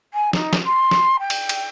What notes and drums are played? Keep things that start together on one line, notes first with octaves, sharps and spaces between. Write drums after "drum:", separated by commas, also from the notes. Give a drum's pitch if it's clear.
G#5
D#4, drum: snare
drum: snare
C6
drum: snare
G5
drum: cymbal
drum: cymbal